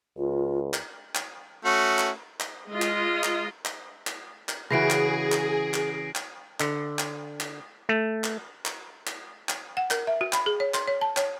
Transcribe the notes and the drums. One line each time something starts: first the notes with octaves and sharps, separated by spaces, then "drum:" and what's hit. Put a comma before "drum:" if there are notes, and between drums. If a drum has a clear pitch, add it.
C#2 F4
drum: clap
drum: clap
A3 C#4 F#4
drum: clap
drum: clap
G#3 F4 D#5
drum: clap
drum: clap
drum: clap
drum: clap
drum: clap
C#3 E3 F#4 G#4 A#6 C7 D7
drum: clap
drum: clap
drum: clap
drum: clap
D3, drum: clap
drum: clap
drum: clap
A3
drum: clap
drum: clap
drum: clap
drum: clap
F#5
A#4, drum: clap
E5
F#4
B5, drum: clap
G#4
C#5
C6, drum: clap
C#5
A5
C#5, drum: clap